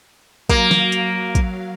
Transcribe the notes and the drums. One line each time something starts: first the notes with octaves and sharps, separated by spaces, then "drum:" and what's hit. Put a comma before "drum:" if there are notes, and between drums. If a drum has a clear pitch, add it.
F#3 A#3 F5, drum: kick, hi-hat
drum: snare
drum: hi-hat
drum: kick, hi-hat